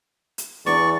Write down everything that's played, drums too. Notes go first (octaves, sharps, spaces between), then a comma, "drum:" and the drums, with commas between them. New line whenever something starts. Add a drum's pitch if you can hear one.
drum: hi-hat
E2 D5 C#6, drum: snare